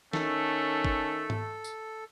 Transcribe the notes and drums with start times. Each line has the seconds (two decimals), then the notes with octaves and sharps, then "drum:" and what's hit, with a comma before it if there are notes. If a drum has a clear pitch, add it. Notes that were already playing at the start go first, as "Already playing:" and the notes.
0.13 D#3 A3 C#4 A4, drum: snare
0.85 drum: kick
1.30 drum: tom G#2
1.64 drum: tambourine